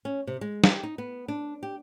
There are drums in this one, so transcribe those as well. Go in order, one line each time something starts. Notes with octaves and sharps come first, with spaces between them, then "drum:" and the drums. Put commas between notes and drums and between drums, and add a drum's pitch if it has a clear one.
C#4
C3
G#3
G4, drum: snare
D#4
B3
D4
G4